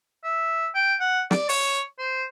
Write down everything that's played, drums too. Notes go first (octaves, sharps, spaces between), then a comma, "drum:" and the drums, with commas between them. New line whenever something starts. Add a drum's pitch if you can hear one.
E5
G5
F#5
D5, drum: snare
C#5, drum: open hi-hat
C5